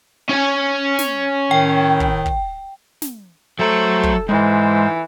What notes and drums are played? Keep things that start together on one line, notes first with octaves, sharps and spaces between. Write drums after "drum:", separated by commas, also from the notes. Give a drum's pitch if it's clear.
C#4 G#5
drum: snare
A2 D#3 G5
drum: kick
drum: kick
drum: snare
F#3 A3 A4 C5 A#5
drum: kick
G#2 E3 G#3 C5